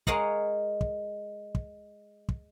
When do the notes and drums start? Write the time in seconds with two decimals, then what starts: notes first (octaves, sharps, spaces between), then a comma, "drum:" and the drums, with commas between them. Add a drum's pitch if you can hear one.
0.07 G#3 A#4 C#5 D#5 F5 F#5, drum: kick
0.81 drum: kick
1.55 drum: kick
2.29 drum: kick